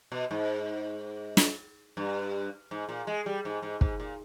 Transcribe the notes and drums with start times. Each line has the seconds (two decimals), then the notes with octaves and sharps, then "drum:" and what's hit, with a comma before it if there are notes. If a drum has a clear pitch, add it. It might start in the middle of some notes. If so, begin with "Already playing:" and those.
0.12 B2
0.31 G#2
1.37 drum: snare
1.97 G2
2.71 G#2
2.89 A#2
3.07 G#3
3.26 G3
3.45 G#2
3.62 G#2
3.81 G#2, drum: kick
4.00 A#2